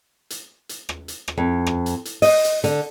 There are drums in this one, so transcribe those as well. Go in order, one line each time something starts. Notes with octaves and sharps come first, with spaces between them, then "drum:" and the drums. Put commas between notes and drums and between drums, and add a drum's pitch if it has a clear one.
drum: hi-hat
drum: hi-hat
drum: rim click
drum: hi-hat
drum: rim click
F2
drum: rim click
drum: hi-hat
drum: hi-hat
D#5, drum: open hi-hat
drum: hi-hat
D3, drum: hi-hat